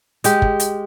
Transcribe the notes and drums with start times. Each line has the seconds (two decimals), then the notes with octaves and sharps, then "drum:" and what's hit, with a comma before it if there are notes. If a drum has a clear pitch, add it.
0.24 G#3 G4, drum: hi-hat
0.42 drum: kick
0.60 drum: hi-hat